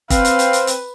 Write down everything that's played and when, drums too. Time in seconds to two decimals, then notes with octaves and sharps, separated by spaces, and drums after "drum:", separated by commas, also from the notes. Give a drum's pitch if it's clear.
0.10 C4 B4 F5, drum: kick, hi-hat
0.25 drum: hi-hat
0.39 drum: hi-hat
0.53 drum: hi-hat
0.67 drum: hi-hat